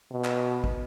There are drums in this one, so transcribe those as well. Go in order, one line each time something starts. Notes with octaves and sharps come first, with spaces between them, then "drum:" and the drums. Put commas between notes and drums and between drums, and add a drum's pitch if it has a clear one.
B2
drum: clap
drum: kick